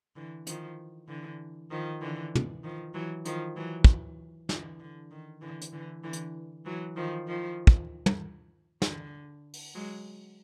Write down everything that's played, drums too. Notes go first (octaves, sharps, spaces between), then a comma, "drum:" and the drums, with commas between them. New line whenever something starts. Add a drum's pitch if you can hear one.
D3 E3
D#3 F3, drum: hi-hat
D3 E3
D#3 F3
D3 E3
drum: tom
D#3 F3
E3 F#3
D#3 F3, drum: hi-hat
E3 F#3
drum: kick
D3 E3, drum: snare
D3
D#3
D3 E3
drum: hi-hat
D3 E3
D3 E3
drum: hi-hat
E3 F#3
D#3 F3
D#3 F3
drum: kick
drum: tom
D3, drum: snare
drum: open hi-hat
F#3 G#3